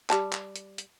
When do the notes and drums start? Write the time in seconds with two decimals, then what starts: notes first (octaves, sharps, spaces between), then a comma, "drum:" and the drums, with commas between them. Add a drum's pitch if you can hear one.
0.10 G3 A5, drum: clap
0.33 drum: clap
0.56 drum: hi-hat
0.78 drum: hi-hat